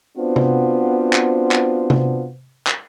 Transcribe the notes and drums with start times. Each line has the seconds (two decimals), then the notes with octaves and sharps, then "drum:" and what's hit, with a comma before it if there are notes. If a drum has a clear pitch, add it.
0.17 B3 C4 D4 F4 F#4 C5
0.36 drum: tom C3
1.13 drum: clap
1.51 drum: clap
1.90 drum: tom C3
2.67 drum: clap